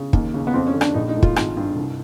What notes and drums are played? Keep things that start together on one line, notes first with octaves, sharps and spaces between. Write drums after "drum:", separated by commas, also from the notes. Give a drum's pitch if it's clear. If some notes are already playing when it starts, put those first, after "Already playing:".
Already playing: C#3
D#2, drum: kick
C#3
B3
F2 C4
C#4
D3
D4, drum: rim click
A#1 D#4
D#4
A2
F4, drum: kick
G#1, drum: rim click
G2
C2